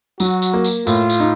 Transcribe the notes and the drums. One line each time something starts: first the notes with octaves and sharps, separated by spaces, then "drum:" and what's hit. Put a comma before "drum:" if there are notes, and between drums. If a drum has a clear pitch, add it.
F#3 F#4, drum: tambourine
drum: tambourine
A#3
drum: tambourine
A2 F4, drum: tambourine
drum: tambourine
D#4